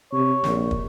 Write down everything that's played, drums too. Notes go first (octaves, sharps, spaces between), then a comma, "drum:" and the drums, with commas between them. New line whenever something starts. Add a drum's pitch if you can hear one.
C3 C#5
A#1, drum: snare
drum: kick